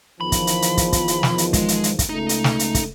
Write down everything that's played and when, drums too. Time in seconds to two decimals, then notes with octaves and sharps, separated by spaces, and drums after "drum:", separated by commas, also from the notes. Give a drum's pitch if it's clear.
0.21 E2 D#3 F3 B5
0.32 drum: kick, hi-hat
0.47 drum: hi-hat
0.62 drum: hi-hat
0.77 drum: kick, hi-hat
0.93 drum: kick, hi-hat
1.08 drum: hi-hat
1.23 drum: snare
1.38 drum: hi-hat
1.53 G#3, drum: kick, hi-hat
1.68 drum: hi-hat
1.84 drum: hi-hat
1.99 drum: kick, hi-hat
2.09 C#2 A3 D#4
2.29 drum: hi-hat
2.44 drum: snare
2.59 drum: hi-hat
2.75 drum: kick, hi-hat